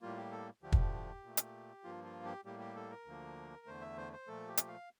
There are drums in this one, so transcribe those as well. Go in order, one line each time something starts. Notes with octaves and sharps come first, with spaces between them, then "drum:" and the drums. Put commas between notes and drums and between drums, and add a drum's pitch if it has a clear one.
A2 G3 A#3 F4
G4
A4
D2 D3 F3 A3 G4
drum: kick
A#2 A3
drum: hi-hat
G2 F3 A#3 F4
F4
G4
A2 G3 A#3 G4
G4
A4
A#4
D2 D3 F3 A#3
E2 D3 A3 C5
E5
C5
C5
A#2 F3 A3 A4
G4
drum: hi-hat
F5